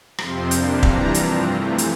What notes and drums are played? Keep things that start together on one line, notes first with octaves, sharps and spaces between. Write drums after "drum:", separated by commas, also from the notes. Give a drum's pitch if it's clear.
F2 C3 F3 C4 C6, drum: rim click
C3 G3 A#3 D4, drum: hi-hat
C3 E3 G3 D4 A#5, drum: kick
G2 F3 C4, drum: hi-hat
C3 E3 A3
drum: hi-hat